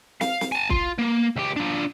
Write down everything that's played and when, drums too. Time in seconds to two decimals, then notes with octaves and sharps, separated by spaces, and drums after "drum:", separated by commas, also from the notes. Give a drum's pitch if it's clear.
0.21 F5, drum: snare
0.41 drum: snare
0.52 G#5 A5
0.70 F4, drum: kick
0.99 A#3
1.36 C#2 G4
1.56 D4 F4